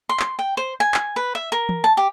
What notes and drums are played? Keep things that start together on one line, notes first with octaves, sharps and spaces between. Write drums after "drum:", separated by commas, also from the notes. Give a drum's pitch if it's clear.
C6
drum: clap
G5
C5
G#5
drum: clap
B4
E5
A#4
drum: tom E3
A5
G4